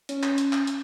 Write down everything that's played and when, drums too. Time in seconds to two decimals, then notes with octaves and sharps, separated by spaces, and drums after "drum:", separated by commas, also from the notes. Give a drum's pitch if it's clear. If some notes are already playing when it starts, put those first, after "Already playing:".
0.09 C#4, drum: hi-hat
0.23 drum: clap
0.38 drum: hi-hat
0.53 drum: clap
0.67 drum: hi-hat